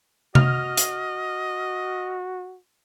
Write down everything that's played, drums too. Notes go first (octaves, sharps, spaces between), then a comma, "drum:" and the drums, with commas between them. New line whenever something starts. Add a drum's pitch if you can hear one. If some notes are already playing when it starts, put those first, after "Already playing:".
F#4 D#5 F6, drum: tom C3
drum: hi-hat